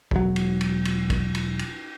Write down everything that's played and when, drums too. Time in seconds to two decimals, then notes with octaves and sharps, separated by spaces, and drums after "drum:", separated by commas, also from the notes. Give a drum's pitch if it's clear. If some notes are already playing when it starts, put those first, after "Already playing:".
0.11 E1 F#3, drum: kick
0.36 drum: cymbal
0.61 drum: cymbal
0.85 drum: cymbal
1.10 drum: kick, cymbal
1.35 drum: cymbal
1.59 drum: cymbal